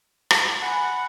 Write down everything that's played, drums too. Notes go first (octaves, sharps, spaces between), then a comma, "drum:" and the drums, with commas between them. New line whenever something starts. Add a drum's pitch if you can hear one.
drum: rim click
F#5 G#5 B5